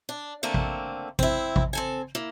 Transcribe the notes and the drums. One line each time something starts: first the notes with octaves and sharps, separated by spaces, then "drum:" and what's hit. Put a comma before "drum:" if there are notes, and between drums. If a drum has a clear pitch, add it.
D4
D3 A3 A#3 C4
drum: kick A1
C4 E4, drum: kick A1
drum: kick A1
C4 A4 G#5
A#3 E4